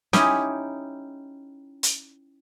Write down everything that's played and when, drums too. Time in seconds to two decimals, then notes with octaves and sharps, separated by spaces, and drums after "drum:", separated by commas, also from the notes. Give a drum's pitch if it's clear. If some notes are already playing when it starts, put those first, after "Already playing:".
0.13 C#4 D#4 E4 G4 D#5, drum: snare
1.83 drum: hi-hat